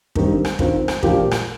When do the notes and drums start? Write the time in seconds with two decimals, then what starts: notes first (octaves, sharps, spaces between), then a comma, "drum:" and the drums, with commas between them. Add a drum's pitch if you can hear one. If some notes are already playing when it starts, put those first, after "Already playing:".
0.15 G2 D#3 G3 C4 G4, drum: kick
0.45 drum: rim click
0.59 D#3 C4 F4 C5, drum: kick
0.88 drum: rim click
1.03 A#2 F3 A#3 G4, drum: kick
1.31 drum: rim click